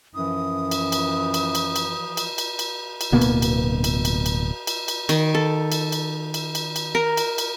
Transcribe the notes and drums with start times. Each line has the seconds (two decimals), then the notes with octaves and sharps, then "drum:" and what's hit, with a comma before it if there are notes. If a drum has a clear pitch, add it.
0.15 F#2 E3 F3 D#6
0.71 drum: cymbal
0.92 drum: cymbal
1.34 drum: cymbal
1.55 drum: cymbal
1.76 drum: cymbal
2.17 drum: cymbal
2.38 drum: cymbal
2.59 drum: cymbal
3.01 drum: cymbal
3.12 D1 B2 A#3 B3
3.22 drum: cymbal
3.42 drum: cymbal
3.84 drum: cymbal
4.05 drum: cymbal
4.26 drum: cymbal
4.67 drum: cymbal
4.88 drum: cymbal
5.09 D#3, drum: cymbal
5.35 A4
5.72 drum: cymbal
5.92 drum: cymbal
6.34 drum: cymbal
6.55 drum: cymbal
6.76 drum: cymbal
6.95 A#4
7.17 drum: cymbal
7.38 drum: cymbal